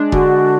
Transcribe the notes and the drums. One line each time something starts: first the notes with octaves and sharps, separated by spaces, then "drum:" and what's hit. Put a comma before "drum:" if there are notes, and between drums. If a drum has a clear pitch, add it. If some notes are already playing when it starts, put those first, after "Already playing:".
Already playing: G#3 D4
D3 F#4, drum: kick F1